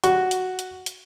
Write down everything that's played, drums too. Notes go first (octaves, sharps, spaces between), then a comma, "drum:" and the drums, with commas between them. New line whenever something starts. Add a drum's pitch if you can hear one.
F#4, drum: hi-hat
drum: hi-hat
drum: hi-hat
drum: hi-hat